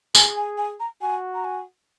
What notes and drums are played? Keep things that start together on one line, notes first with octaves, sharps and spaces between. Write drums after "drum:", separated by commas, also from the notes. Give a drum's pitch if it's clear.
G#4 G#5, drum: tambourine
G#5
G#5
A#5
F#4 G#5
A#5
G#5